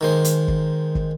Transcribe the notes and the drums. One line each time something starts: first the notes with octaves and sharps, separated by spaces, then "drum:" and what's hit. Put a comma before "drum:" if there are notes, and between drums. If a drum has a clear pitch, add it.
D#3 G#3 C5
drum: hi-hat
drum: kick
drum: kick